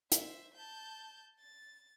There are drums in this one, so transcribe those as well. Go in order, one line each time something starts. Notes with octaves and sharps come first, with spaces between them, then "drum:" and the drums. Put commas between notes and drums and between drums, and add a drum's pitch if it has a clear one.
C5 E5, drum: hi-hat
A5 G6
A6